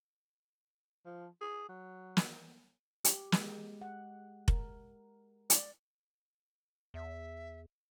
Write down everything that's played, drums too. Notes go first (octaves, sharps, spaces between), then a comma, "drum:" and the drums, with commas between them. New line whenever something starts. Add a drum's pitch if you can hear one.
F3
G#4
F#3
drum: snare
G4, drum: hi-hat
G#3, drum: snare
F#5
A#4, drum: kick F1
D5, drum: hi-hat
E2 E5